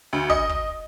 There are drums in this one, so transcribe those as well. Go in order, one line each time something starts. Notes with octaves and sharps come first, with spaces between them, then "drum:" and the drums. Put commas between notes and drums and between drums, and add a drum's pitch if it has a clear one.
D2
D#5, drum: kick
drum: kick